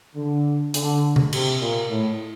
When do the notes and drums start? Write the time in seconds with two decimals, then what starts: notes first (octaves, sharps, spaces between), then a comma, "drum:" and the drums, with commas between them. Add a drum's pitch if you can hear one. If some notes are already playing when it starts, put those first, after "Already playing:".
0.15 D3
0.74 D3, drum: hi-hat
1.16 drum: tom C3
1.33 C3, drum: cymbal
1.61 A#2
1.89 A2